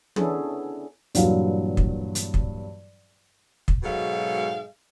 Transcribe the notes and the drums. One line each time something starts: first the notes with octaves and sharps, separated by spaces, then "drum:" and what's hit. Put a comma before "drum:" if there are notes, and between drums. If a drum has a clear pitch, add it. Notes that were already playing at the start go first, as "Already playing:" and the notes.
B3 C#4 D4 E4 G#4 A4, drum: tom
G2 A#2 E3 F#3 F5, drum: hi-hat
drum: kick
drum: hi-hat
drum: kick
drum: kick
G#2 B2 F#3 G#3 A4 F5